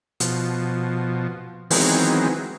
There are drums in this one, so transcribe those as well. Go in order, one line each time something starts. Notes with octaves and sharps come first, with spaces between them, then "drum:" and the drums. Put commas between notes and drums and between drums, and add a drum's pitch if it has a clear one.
B2 F3, drum: hi-hat
D#3 E3 F#3 G#3 B3 C4, drum: open hi-hat